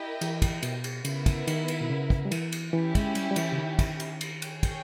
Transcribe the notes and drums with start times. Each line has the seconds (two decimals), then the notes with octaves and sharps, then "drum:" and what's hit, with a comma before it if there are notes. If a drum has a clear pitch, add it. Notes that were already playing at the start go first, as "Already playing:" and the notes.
Already playing: E4 G4 A#4 D#5 G5
0.21 E3, drum: cymbal
0.42 drum: kick, cymbal
0.63 B2, drum: cymbal
0.84 drum: cymbal
1.05 C#3 B3 E4 A#4, drum: cymbal
1.26 drum: kick, cymbal
1.47 D#3, drum: cymbal
1.68 drum: cymbal
1.81 B2
1.90 C#3
2.10 drum: kick
2.25 G3
2.32 E3, drum: cymbal
2.52 drum: cymbal
2.73 E3 C#4 E4 G4
2.95 G#3, drum: kick, cymbal
3.15 G3, drum: cymbal
3.31 G3
3.36 E3, drum: cymbal
3.52 C#3
3.58 D#3
3.79 drum: kick, cymbal
4.00 drum: cymbal
4.21 drum: cymbal
4.42 G#4 C#5 G5, drum: cymbal
4.63 drum: kick, cymbal